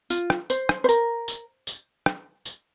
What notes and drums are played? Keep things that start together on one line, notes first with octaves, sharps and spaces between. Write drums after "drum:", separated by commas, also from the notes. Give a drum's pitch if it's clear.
F4, drum: tambourine
drum: rim click
C5, drum: tambourine
drum: rim click
C5
A#4, drum: tambourine
drum: tambourine
drum: tambourine
drum: rim click
drum: tambourine